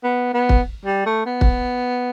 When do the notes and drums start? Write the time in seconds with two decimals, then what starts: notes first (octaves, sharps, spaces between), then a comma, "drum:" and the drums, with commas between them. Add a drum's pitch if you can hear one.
0.03 B3
0.33 B3
0.49 drum: kick
0.85 G3
1.06 A3
1.26 B3
1.41 drum: kick